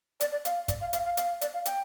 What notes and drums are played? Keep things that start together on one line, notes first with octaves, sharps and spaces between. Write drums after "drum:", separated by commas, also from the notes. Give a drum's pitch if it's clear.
D5, drum: hi-hat
D5
F5, drum: hi-hat
D5, drum: kick, hi-hat
F5
F5, drum: hi-hat
F5
F5, drum: hi-hat
D5, drum: hi-hat
F5
G5, drum: hi-hat